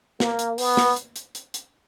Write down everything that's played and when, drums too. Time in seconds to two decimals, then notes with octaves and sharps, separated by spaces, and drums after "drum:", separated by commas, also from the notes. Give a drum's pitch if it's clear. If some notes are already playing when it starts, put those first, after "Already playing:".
0.20 A#3, drum: snare
0.39 drum: hi-hat
0.58 B3, drum: open hi-hat
0.77 drum: snare
0.96 drum: hi-hat
1.16 drum: hi-hat
1.35 drum: hi-hat
1.54 drum: hi-hat